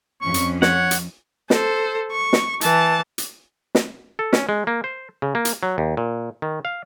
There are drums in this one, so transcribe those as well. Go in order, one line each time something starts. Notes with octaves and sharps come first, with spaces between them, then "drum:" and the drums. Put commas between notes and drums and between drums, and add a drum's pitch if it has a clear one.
F2 C#4 C#6
drum: hi-hat
C#5 F#5, drum: snare
drum: hi-hat
A4 C5, drum: snare
C#6
drum: snare
E3 A5, drum: hi-hat
drum: hi-hat
drum: snare
A4
C#4, drum: snare
G#3
A#3
C5
C#3
A#3
drum: hi-hat
F#3
D#2
A#2
D#3
F5